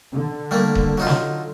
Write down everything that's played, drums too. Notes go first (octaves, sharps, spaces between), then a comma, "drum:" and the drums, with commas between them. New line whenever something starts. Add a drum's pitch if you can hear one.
D3
G3 A3 A#3
drum: kick D#1
F#3 D#4 F4
drum: snare